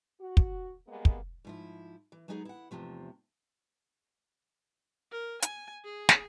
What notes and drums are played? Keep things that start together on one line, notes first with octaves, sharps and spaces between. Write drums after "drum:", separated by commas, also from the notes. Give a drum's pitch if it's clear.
F#4
drum: kick
G3 G#3 A#3 B3
drum: kick
G#2 F3 E4
E3
F#3 G#3 B3 D#4 F#4 G#4
E4 F#5
E2 G#2 C3 F3 A3
A#4
G#5, drum: hi-hat
G#4
drum: snare